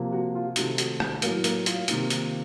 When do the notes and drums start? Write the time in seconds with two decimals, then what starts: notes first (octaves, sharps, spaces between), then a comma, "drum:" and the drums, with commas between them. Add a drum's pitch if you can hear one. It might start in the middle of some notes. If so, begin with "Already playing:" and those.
Already playing: C3 F3 A#3
0.12 F#4
0.35 F4
0.56 C3 D#3 A3 F#4, drum: hi-hat
0.78 F#4, drum: hi-hat
1.00 A3 A4, drum: rim click
1.22 A2 F#3 A#3 A#4, drum: hi-hat
1.44 A#3 A#4, drum: hi-hat
1.66 F4, drum: hi-hat
1.88 C3 D#3 A#3, drum: hi-hat
2.10 drum: hi-hat